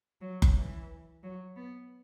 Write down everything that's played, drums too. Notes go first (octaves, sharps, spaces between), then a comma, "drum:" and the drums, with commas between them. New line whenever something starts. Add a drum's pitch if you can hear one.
F#3
drum: kick F#1
E3
F#3
B3